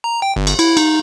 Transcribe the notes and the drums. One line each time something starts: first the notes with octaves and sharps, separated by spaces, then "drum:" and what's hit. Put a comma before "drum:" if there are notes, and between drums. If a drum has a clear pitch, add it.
A#5
G5
G1
drum: cymbal
E4, drum: cymbal
D#4, drum: cymbal